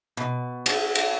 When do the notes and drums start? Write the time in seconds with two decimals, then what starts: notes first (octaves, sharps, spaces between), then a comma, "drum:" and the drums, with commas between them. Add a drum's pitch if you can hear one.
0.17 B2
0.66 G#4, drum: cymbal
0.95 drum: cymbal